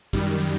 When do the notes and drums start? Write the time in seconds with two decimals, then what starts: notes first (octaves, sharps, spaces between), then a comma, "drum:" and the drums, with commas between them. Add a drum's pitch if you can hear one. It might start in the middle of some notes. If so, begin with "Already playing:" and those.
0.13 F#2 D#3 G3, drum: kick, hi-hat